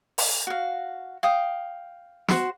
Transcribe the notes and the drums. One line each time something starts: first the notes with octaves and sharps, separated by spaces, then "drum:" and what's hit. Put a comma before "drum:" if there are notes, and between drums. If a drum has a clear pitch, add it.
drum: open hi-hat
F#4 F5
F5 G5 D#6
F#4 C5, drum: snare